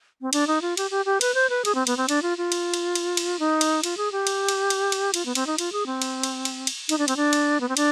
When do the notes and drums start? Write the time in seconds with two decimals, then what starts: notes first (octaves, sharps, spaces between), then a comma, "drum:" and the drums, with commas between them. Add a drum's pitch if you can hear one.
0.21 C4
0.33 D4, drum: cymbal
0.47 D#4
0.62 F4
0.77 G4, drum: cymbal
0.91 G4
1.06 G4
1.21 B4, drum: cymbal
1.34 C5
1.50 B4
1.65 G#4, drum: cymbal
1.75 C4
1.87 B3, drum: cymbal
1.97 C4
2.09 D4, drum: cymbal
2.22 F4
2.38 F4
2.52 drum: cymbal
2.74 drum: cymbal
2.95 drum: cymbal
3.17 drum: cymbal
3.39 D#4
3.61 drum: cymbal
3.84 F4, drum: cymbal
3.97 G#4
4.12 G4
4.27 drum: cymbal
4.48 drum: cymbal
4.70 drum: cymbal
4.92 drum: cymbal
5.14 F4, drum: cymbal
5.26 B3
5.35 C4, drum: cymbal
5.47 D#4
5.58 F4, drum: cymbal
5.72 G#4
5.86 C4
6.02 drum: cymbal
6.23 drum: cymbal
6.45 drum: cymbal
6.67 drum: cymbal
6.89 D#4, drum: cymbal
6.98 D4
7.08 C4, drum: cymbal
7.17 D4
7.33 drum: cymbal
7.61 B3
7.69 C4
7.77 D4, drum: cymbal